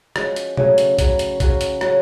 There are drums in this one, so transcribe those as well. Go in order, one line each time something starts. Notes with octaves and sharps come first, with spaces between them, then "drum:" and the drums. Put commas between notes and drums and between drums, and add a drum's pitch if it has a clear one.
F3 G#3 C#4 F#4, drum: rim click
drum: hi-hat
C#3 F#3 A3 C#4, drum: tom B2
drum: hi-hat
C#3 F#3 A3 C#4, drum: kick B1, hi-hat
drum: hi-hat
C#3 F#3 C#4 F#4, drum: kick B1, hi-hat
drum: hi-hat
C#3 F#3 C#4 F#4, drum: rim click